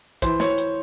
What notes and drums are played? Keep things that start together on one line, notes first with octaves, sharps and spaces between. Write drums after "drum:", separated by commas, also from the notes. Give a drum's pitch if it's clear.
E3 C5, drum: kick, hi-hat
E3 C#5, drum: snare
drum: hi-hat